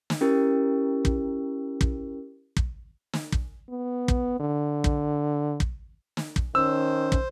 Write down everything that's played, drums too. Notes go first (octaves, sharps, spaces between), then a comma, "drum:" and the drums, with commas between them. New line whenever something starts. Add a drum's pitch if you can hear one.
drum: snare
C#4 E4 G4 A#4
drum: kick
drum: kick
drum: kick
drum: snare
drum: kick
B3
drum: kick
D3
drum: kick
drum: kick
drum: snare
drum: kick
D#3 C#4 C5 E6
drum: kick